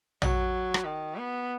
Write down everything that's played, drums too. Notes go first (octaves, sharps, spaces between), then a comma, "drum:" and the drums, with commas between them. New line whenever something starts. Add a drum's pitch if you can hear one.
F#3, drum: tom A#1
drum: rim click
D#3
B3